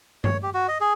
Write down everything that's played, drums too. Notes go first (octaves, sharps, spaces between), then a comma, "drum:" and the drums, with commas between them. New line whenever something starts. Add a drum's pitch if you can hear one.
C#5, drum: tom G2
G4
F#4
D#5
G#4